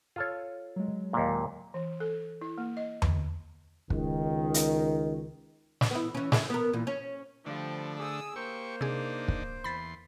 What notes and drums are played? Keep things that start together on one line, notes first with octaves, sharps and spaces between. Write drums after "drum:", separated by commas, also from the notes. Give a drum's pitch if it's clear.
F4 A4 C#5
F#3 G#3
D#2 A#2
E3
A4
E4
A#3
D#5
D3, drum: tom E2
C#2 D#3, drum: kick
drum: hi-hat
drum: snare
B3 E4
E3 C#4
G#4 A4 E5, drum: snare
B3 A#4
A#2 E3
C#4
D3 F3 G3 A3 D4
G#4 D#6 E6
A#3 G4 C5 C#6
C3 D4 D#4 G#4
drum: kick
E2 B5 C6 A6 B6